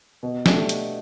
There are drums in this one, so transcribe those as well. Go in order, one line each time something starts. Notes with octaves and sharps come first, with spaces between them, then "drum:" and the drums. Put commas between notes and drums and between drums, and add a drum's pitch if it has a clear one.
B2
A3 D4 G4, drum: snare
drum: hi-hat